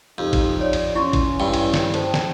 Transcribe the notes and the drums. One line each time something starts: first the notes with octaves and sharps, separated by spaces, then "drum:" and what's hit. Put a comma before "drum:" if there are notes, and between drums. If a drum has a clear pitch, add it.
F2 D#4 G4
drum: kick G#1, cymbal
C#5 D5
drum: cymbal
E3 C#4 E4 C6 C#6
drum: kick G#1, cymbal
G2 E4 G5
drum: cymbal
drum: snare
A4 C5 G5 A5, drum: cymbal
drum: snare